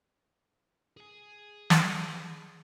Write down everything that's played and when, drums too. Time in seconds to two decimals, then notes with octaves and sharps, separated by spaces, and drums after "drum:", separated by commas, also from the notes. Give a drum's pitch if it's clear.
0.97 G#4 G#5
1.70 drum: snare